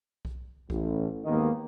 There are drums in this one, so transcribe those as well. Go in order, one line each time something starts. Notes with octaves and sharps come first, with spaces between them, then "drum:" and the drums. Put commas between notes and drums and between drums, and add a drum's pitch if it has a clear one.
drum: kick B1
A1, drum: kick B1
D#2 G#2 D#3 A#3 B3 D#5